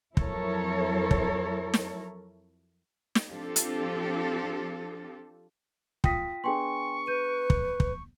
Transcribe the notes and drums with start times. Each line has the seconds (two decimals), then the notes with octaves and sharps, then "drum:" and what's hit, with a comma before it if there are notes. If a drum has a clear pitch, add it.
0.17 F2 F#3 E4 A4 A#4 C#5, drum: kick
1.11 drum: kick
1.74 drum: snare
3.15 drum: snare
3.28 F3 C4 D4 F4 G4 A4
3.56 drum: hi-hat
6.04 F4 G5 D#6 A#6 B6, drum: kick
6.44 B3 D4 G#4 G5 G#5 C6 C#6
7.07 B4 G6 D#7
7.50 drum: kick
7.80 drum: kick